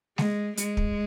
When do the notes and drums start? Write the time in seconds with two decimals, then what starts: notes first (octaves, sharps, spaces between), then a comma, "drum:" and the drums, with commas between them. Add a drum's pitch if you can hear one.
0.18 G#3, drum: snare G#3
0.57 G#3, drum: hi-hat
0.77 drum: kick